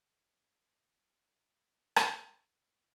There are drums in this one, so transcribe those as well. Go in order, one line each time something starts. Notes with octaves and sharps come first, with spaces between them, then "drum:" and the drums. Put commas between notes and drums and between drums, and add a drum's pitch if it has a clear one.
G3 A3 B4 C5 F5
drum: rim click